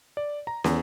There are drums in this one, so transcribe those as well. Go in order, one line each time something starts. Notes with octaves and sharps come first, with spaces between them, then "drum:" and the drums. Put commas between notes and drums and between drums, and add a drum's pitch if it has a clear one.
D5
A#5
E2, drum: snare